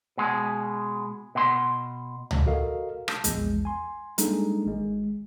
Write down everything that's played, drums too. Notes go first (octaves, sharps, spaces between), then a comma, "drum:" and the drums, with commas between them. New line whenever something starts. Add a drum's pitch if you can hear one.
B2 G#3
B2 C6
drum: tom C#2
F#4 A4 A#4 D#5 F5
A5 E6 G6 A#6, drum: rim click
A#1 E2 E3 G#3, drum: hi-hat
G#5 C6
G3 G#3 A#3 D4 D#4 A4, drum: hi-hat
G#1 G#3